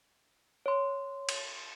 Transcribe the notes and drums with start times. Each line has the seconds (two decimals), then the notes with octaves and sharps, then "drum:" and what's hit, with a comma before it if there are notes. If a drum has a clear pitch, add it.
0.66 C#5 C6
1.29 drum: cymbal